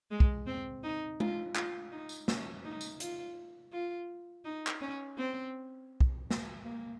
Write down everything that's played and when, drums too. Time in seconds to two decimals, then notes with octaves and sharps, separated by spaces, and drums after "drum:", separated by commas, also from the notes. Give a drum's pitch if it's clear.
0.11 G#3
0.20 drum: kick
0.47 C4
0.84 D#4
1.20 F4, drum: tom G#3
1.56 F4, drum: clap
1.92 D#4
2.09 drum: tambourine
2.28 C#4, drum: snare
2.65 D#4
2.81 drum: tambourine
3.00 F4, drum: hi-hat
3.72 F4
4.45 D#4
4.67 drum: clap
4.81 C#4
5.18 C4
6.01 drum: kick
6.31 drum: snare
6.63 A#3